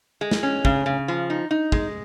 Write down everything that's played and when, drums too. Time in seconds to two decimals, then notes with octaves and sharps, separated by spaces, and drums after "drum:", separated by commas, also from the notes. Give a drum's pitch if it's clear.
0.21 G#3
0.31 drum: snare
0.43 C#4
0.65 C#3, drum: kick
0.86 C#3
1.08 F3
1.30 D#4
1.51 D#4
1.72 G#3, drum: kick